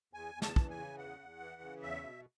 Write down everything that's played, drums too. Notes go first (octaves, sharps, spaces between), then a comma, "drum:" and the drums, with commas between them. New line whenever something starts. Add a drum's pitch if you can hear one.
E2 G#5
E2
A5, drum: snare
E3, drum: kick
G#5
C#3
E2 F#5
E2
E3
C#3
E2 E5
B2